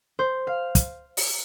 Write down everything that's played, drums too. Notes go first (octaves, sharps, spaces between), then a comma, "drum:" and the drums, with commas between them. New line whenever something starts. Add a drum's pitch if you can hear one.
C5
F5
drum: kick, hi-hat
drum: open hi-hat